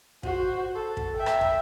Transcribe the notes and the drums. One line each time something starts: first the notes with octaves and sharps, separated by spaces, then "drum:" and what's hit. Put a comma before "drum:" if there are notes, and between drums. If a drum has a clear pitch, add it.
F#4 C5, drum: kick
A4
drum: kick
E5 G5
drum: rim click
drum: kick